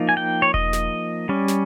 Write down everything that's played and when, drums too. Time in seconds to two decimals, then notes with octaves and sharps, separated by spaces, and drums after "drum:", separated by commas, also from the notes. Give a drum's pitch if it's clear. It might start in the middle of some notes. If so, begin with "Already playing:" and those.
Already playing: F3 A#3 D#4
0.09 G#5
0.17 G5
0.42 C#5
0.54 D#5, drum: kick E1
0.73 drum: snare
1.29 G3 C#4
1.48 drum: snare